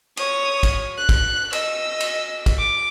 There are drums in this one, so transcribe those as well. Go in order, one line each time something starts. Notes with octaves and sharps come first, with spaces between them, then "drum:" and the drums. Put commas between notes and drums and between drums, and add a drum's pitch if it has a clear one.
C#5 D#6, drum: cymbal
drum: kick, cymbal
F#6
drum: kick, cymbal
D#5 E6, drum: cymbal
drum: cymbal
drum: kick, cymbal
D6